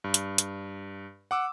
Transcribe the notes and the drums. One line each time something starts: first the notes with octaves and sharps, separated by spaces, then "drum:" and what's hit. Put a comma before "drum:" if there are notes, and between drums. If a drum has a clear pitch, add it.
G2
drum: hi-hat
drum: hi-hat
F#5 D6 E6